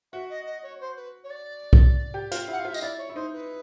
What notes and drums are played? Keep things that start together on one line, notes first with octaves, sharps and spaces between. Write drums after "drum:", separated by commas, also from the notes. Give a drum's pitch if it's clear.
F#4 E5
D#5
D#5
C#5
C5
B4
C#5
D5
drum: kick B1
G4
F4, drum: hi-hat
E4 F#5
F5
F4 E5
D#5, drum: tambourine
E4 D5
C#5
E4
D#4 C5
B4